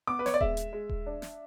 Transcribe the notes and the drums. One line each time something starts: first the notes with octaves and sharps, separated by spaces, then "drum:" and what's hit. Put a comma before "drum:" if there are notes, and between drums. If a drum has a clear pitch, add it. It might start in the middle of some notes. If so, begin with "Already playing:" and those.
B3 D6
B4
C#5, drum: snare
D5
G#3 E5, drum: kick D#1
drum: hi-hat
G#3
drum: kick D#1
D4
drum: snare